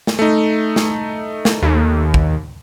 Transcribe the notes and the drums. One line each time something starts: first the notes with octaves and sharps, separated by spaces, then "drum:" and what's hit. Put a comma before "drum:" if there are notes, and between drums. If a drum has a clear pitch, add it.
drum: snare
A3 D#4
drum: snare
drum: snare
D#2
drum: kick